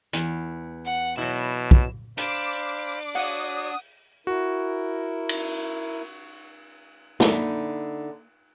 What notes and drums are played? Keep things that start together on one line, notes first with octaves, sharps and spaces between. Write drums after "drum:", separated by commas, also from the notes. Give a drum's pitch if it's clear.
E2, drum: hi-hat
F#5
B2 F#3 E4 E7
drum: kick
D4 C5 F5 B5 D6, drum: hi-hat
F#4 C#5 D5 F#5 D#6, drum: open hi-hat
E4 F#4 A#4
drum: cymbal
D3 A#3 D#4 E4, drum: snare